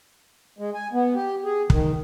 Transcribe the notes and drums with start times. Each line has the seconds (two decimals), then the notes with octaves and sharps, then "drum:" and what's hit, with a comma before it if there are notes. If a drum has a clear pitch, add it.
0.59 G#3
0.74 G#5
0.93 B3
1.15 G4
1.44 G#4
1.70 D#3, drum: kick